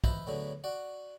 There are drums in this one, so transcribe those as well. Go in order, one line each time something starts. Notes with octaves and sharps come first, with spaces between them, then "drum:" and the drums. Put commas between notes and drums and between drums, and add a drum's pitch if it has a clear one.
B4 C5 D#5 E5 A5 B5, drum: kick
A2 D3 F#3 B3 G#4
F#4 D5 F#5